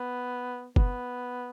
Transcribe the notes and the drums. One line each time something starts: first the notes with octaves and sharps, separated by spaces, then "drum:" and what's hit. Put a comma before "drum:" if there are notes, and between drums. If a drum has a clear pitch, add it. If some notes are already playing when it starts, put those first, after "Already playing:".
Already playing: B3
B3, drum: kick F#1